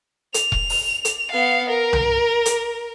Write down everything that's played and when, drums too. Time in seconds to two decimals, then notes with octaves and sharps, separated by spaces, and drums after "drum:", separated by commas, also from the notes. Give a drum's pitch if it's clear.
0.34 F7, drum: hi-hat
0.52 drum: kick E1
0.69 drum: open hi-hat
1.05 drum: hi-hat
1.32 B3 F5
1.70 A#4
1.93 drum: tom C2
2.46 drum: hi-hat